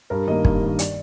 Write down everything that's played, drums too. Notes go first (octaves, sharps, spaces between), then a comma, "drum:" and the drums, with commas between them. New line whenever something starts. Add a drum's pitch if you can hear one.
G2 A#4
D#3 A#3 D#5
G2, drum: kick
D#3 A#3
D5, drum: hi-hat